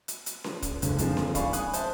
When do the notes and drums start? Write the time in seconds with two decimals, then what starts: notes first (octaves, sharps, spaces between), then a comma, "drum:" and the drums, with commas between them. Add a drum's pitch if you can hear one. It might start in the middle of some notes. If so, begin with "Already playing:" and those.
0.08 drum: hi-hat
0.26 drum: hi-hat
0.44 drum: snare C#4
0.62 drum: kick, hi-hat
0.82 F#1 C#2 F#2 D3, drum: hi-hat
0.98 D3 D#3 F3 G#3 A#3 C4, drum: hi-hat
1.17 drum: snare C#4
1.35 D5 F5 G#5 B5 C#6, drum: kick, hi-hat
1.53 G#5 D#6 F#6, drum: hi-hat
1.73 C5 E5 A5, drum: hi-hat